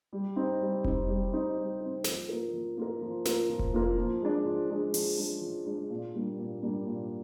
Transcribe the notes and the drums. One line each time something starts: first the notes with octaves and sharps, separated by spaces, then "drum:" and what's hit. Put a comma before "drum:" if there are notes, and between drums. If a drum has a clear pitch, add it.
G3
C4 D#4
G3
C4 D#4, drum: kick F1
G3
C4 D#4
G3
D#4
C4
F3, drum: snare
A#3 F4 A#4
F3
A#3 F4 A#4
F3
A#3 F4 A#4, drum: snare
F3
drum: kick F1
A#3 F4 A#4
F3
G#3 D4
F3
G#3 D4
F3, drum: open hi-hat
G#3 D4
F3
G#3 D4
A#2
G3 A#3 D4
A#2
G3 A#3 D4
A#2